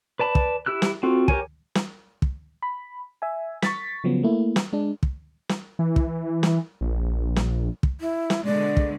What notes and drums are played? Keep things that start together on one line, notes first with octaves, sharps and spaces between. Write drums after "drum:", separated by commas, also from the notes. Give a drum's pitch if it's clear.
B4 D5 A5 B5
drum: kick
E4 G4 E6 F#6
drum: snare
C4 F4 F#4 A4
G4 A#4 C#5 G#5, drum: kick
drum: snare
drum: kick
B5
E5 G#5
C#6 A6 B6, drum: snare
C#3 F3 F#3 B3
A3 A#3 E4
drum: snare
G#3 D4
drum: kick
drum: snare
E3
drum: kick
drum: snare
A#1
drum: snare
drum: kick
E4
drum: snare
B2 D3 G#3 D5
drum: kick